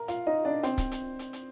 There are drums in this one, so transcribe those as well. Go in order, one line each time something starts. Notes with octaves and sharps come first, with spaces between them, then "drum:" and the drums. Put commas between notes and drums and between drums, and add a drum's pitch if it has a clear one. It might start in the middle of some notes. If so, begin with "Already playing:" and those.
Already playing: A#4 A#5
F4 F5, drum: hi-hat
D#4 D#5
D4 D5
C4 C5, drum: hi-hat
drum: kick C#1, hi-hat
drum: hi-hat
drum: hi-hat
drum: hi-hat